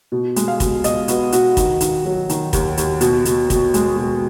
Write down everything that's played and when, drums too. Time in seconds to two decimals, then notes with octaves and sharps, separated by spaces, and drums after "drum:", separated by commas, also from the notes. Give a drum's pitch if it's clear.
0.12 B2
0.36 G#3, drum: hi-hat
0.48 F5
0.60 B2, drum: kick, hi-hat
0.84 B2 D#5, drum: hi-hat
1.08 B3 F#4, drum: hi-hat
1.32 B2 F#4, drum: hi-hat
1.57 D#3, drum: kick, hi-hat
1.81 D#3, drum: hi-hat
2.05 F#3
2.29 D#3, drum: hi-hat
2.53 D#2, drum: kick, hi-hat
2.77 D#2, drum: hi-hat
3.01 B2, drum: hi-hat
3.25 B2, drum: hi-hat
3.50 B2, drum: kick, hi-hat
3.74 G#3, drum: hi-hat
3.97 B2